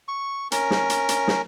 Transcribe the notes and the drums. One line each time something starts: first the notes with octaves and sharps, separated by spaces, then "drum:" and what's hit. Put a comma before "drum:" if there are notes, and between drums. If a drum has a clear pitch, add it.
C#6
C#4 A#4, drum: hi-hat
drum: snare
drum: hi-hat
drum: hi-hat
drum: snare